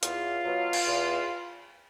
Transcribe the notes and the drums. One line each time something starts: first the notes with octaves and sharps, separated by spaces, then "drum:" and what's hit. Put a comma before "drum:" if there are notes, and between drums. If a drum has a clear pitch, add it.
E2 F4, drum: hi-hat
B2 F#3
drum: cymbal
E2